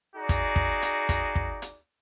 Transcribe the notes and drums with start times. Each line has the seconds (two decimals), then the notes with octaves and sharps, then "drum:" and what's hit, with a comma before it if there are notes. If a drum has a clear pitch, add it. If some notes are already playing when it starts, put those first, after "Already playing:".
0.16 D#4 F#4 G#4 D5
0.29 drum: kick, hi-hat
0.56 drum: kick
0.82 drum: hi-hat
1.09 drum: kick, hi-hat
1.35 drum: kick
1.62 drum: hi-hat